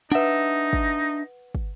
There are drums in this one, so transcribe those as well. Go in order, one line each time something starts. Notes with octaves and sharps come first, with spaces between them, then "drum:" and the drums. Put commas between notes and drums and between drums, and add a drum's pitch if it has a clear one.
D4 D#4 B4 E5 F#5
drum: kick
drum: kick